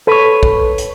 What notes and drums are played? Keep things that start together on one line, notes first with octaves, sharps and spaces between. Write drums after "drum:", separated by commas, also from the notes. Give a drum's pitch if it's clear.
A4 B4 C#5
drum: kick
drum: hi-hat